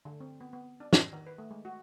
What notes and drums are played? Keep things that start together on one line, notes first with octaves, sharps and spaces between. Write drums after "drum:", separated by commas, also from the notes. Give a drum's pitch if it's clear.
D3
C4
B3
B3
D4
G4, drum: snare
D#3
B4
A3
G#3
F#4